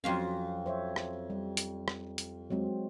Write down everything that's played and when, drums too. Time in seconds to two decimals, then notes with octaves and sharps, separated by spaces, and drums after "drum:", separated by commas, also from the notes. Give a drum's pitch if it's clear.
0.04 F2 F3 F#3 C4 C#4 F5
0.66 C5 C#5 E5
0.96 drum: rim click
1.30 G3
1.57 drum: hi-hat
1.88 drum: rim click
2.18 drum: hi-hat
2.50 F#3 G#3 C4